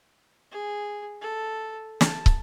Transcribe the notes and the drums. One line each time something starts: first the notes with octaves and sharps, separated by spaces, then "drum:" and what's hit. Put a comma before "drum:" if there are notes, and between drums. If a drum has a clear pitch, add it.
G#4
A4
A5, drum: snare
drum: kick